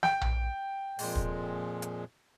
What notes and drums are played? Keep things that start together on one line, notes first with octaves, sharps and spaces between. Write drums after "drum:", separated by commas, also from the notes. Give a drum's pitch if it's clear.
G5, drum: snare
drum: tom A#1
F2 A#2 G#3, drum: open hi-hat
drum: kick
drum: hi-hat